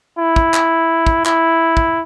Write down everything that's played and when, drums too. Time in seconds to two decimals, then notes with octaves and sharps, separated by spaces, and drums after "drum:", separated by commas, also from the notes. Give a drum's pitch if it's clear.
0.19 E4
0.36 drum: kick
0.54 drum: clap
1.07 drum: kick
1.26 E4, drum: clap
1.77 drum: kick